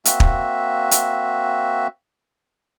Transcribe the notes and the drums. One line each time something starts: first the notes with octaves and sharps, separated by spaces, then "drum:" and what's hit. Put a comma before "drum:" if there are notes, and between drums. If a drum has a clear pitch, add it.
A#3 C4 F#4 E5, drum: hi-hat
drum: kick
drum: hi-hat